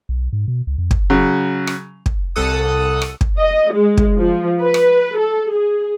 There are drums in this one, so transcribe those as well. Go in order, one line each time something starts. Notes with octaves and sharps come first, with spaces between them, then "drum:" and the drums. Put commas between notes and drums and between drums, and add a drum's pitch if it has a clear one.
B1
G#2
B2
C#2
F2
drum: kick
C#3 F#3
drum: rim click
drum: kick
C2 A4 F#5 D#6
drum: rim click
drum: kick
D#5
G#3
drum: kick
F3
B4
drum: rim click
A4
G#4